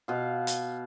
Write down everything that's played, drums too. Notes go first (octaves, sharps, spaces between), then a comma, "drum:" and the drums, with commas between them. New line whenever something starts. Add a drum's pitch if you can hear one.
B2 F5
drum: hi-hat